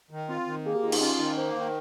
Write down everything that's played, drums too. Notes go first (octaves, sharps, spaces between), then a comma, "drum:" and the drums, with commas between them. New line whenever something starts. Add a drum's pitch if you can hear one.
D#3
C4 F4
D#3
A#3 G#4
G4
D#3 F4
D#4, drum: cymbal
C#4 F4
D#3 D#4
A#3 C5
D#3